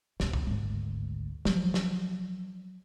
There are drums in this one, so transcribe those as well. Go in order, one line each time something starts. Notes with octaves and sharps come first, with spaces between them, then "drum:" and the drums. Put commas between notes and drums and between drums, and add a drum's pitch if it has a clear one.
C#2 B2, drum: snare
drum: kick
G#1 D2
F3 F#3, drum: snare
drum: snare